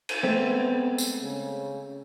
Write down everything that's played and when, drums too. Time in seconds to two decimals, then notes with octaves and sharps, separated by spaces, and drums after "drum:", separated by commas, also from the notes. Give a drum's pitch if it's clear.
0.09 drum: cymbal
0.23 G#3 A3 B3 C4
0.98 drum: tambourine
1.22 C#3